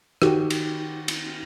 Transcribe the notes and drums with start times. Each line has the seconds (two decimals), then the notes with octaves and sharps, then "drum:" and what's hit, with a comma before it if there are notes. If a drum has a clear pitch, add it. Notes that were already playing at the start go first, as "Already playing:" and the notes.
0.22 D#3 F#4 G4, drum: rim click
0.50 drum: cymbal
1.08 drum: cymbal